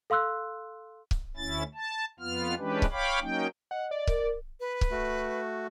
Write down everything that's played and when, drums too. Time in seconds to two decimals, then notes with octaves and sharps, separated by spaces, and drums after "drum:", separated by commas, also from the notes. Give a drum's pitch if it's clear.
0.10 A4 F5 C6 E6 F#6
1.11 drum: kick C#1
1.37 D2 C#4 E4 A6
1.75 A5
2.20 F2 B3 F4 F6
2.58 E3 G#3 C#4 D4 G4 B4
2.82 drum: kick C#1
2.92 C#5 F5 G5 B5 D6
3.21 F#3 A#3 C#4 D#4 G5
3.71 D#5 F#5
3.91 D5
4.07 A#4, drum: kick C#1
4.60 B4
4.81 drum: kick C#1
4.91 A3 F#4